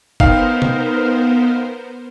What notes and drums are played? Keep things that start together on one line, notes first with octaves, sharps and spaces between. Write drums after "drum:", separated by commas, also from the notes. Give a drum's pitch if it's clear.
B3 D#4 A#4 C5 F5 G5, drum: kick G1
drum: tom C3